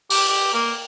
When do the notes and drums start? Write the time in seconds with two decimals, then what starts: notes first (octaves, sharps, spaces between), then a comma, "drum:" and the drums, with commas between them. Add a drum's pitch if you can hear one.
0.10 G4, drum: open hi-hat
0.28 G4
0.53 A#3